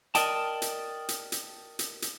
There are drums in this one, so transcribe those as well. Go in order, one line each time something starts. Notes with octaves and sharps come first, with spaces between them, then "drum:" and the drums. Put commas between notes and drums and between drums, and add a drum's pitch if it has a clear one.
A#4 B4 D5 D#5 G5 A5, drum: hi-hat
drum: hi-hat
drum: hi-hat
drum: hi-hat
drum: hi-hat
drum: hi-hat